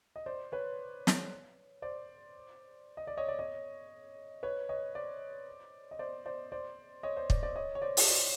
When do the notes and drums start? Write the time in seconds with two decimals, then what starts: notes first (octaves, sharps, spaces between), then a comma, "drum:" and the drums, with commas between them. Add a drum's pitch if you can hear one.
0.16 D#5
0.26 C5 D5
0.52 B4 C#5
1.07 drum: snare
1.82 C5 D5
2.97 D#5
3.07 D5
3.17 C#5 D#5
3.28 D5
3.39 C#5 D#5
4.43 B4 C#5
4.69 C#5 D#5
4.95 C5 D5
5.91 D#5
5.99 C5 D5
6.26 C5 D5
6.52 C5 D5
7.03 C#5 D#5
7.17 C5 D5
7.30 C5 D5, drum: kick
7.43 C5 D5
7.56 C#5 D#5
7.75 C#5
7.82 C5 D5
7.97 drum: open hi-hat
8.08 C5 D5